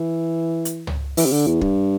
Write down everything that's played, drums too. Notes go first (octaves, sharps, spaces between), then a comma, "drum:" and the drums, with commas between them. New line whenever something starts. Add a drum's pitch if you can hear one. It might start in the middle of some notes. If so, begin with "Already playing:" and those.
Already playing: E3
drum: hi-hat
drum: tom C#2
E3, drum: open hi-hat
C3
D3
E2
G2, drum: kick